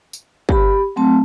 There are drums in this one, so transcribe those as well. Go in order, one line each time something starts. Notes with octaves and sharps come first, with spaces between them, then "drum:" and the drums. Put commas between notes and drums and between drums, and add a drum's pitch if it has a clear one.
drum: tambourine
G4 B5, drum: kick
F#3 A3 C4 A5